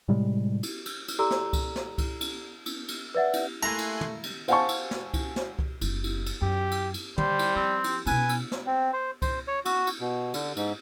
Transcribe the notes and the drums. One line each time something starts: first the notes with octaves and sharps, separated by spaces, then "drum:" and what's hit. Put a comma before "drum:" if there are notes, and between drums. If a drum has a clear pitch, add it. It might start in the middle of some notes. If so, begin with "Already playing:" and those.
A2 C3 G3 G#3
drum: cymbal
drum: cymbal
drum: cymbal
E4 G4 A4 D5 A#5 E6
drum: snare
drum: kick C2, cymbal
drum: snare
drum: kick C2, cymbal
drum: cymbal
drum: cymbal
drum: cymbal
B4 D5 E5 F#5
drum: cymbal
A3 A#3 E4 G#5 A#5 C6 F#6
drum: cymbal
drum: tom
drum: cymbal
C5 F5 F#5 G#5 A5 C#6, drum: cymbal
drum: cymbal
drum: snare
drum: kick C2, cymbal
drum: snare
drum: kick C2
F#1 F#3, drum: cymbal
drum: cymbal
drum: cymbal
F#2 G4
drum: cymbal
drum: cymbal
D3 G3 C5, drum: tom
drum: cymbal
F3 C4
drum: cymbal
B2 B3 B4 G#5, drum: cymbal
drum: cymbal
drum: snare
C4
C5
C5, drum: kick C2, cymbal
C#5
F#4, drum: cymbal
drum: cymbal
B2
D3, drum: cymbal
G#2, drum: cymbal